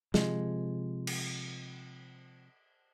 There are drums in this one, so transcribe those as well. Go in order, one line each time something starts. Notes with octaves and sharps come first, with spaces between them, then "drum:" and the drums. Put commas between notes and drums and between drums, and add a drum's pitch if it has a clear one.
C3 F3 G#3, drum: snare
drum: cymbal